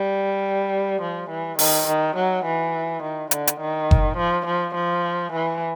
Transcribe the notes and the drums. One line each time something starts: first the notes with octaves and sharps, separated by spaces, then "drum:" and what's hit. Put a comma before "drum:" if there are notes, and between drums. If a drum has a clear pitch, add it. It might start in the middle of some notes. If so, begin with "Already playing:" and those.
Already playing: G3
F3
E3
D#3, drum: open hi-hat
D#3
F#3
E3
D#3
D3, drum: hi-hat
drum: hi-hat
D#3
drum: kick F#1
F3
F3
F3
E3